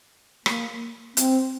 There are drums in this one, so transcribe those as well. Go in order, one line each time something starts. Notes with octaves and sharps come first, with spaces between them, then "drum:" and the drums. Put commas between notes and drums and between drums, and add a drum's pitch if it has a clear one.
A#3, drum: rim click
C4, drum: hi-hat